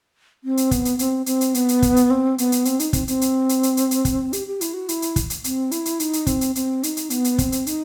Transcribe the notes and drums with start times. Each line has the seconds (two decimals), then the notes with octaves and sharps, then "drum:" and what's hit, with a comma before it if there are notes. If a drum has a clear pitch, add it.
0.44 C4
0.57 drum: hi-hat
0.71 B3, drum: kick, hi-hat
0.85 drum: hi-hat
0.99 C4, drum: hi-hat
1.26 C4, drum: hi-hat
1.41 drum: hi-hat
1.54 B3, drum: hi-hat
1.69 drum: hi-hat
1.82 drum: kick, hi-hat
1.96 drum: hi-hat
2.11 C4
2.38 B3, drum: hi-hat
2.52 drum: hi-hat
2.65 C4, drum: hi-hat
2.79 D#4, drum: hi-hat
2.93 C4, drum: kick, hi-hat
3.08 C4, drum: hi-hat
3.21 drum: hi-hat
3.49 drum: hi-hat
3.63 drum: hi-hat
3.77 drum: hi-hat
3.91 drum: hi-hat
4.05 drum: kick, hi-hat
4.33 G4, drum: hi-hat
4.47 G4
4.61 E4, drum: hi-hat
4.74 F#4
4.89 E4, drum: hi-hat
5.02 drum: hi-hat
5.16 drum: kick, hi-hat
5.30 drum: hi-hat
5.44 C4, drum: hi-hat
5.71 E4, drum: hi-hat
5.85 drum: hi-hat
6.00 D#4, drum: hi-hat
6.13 drum: hi-hat
6.27 C4, drum: kick, hi-hat
6.41 drum: hi-hat
6.55 C4, drum: hi-hat
6.83 D#4, drum: hi-hat
6.97 drum: hi-hat
7.10 B3, drum: hi-hat
7.24 drum: hi-hat
7.38 C4, drum: kick, hi-hat
7.52 drum: hi-hat
7.67 D#4, drum: hi-hat